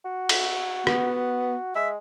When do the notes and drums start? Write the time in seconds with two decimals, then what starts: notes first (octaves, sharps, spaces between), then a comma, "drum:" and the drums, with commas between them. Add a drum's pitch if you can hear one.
0.05 F#4
0.29 drum: cymbal
0.87 B3, drum: rim click
1.75 G#3 E5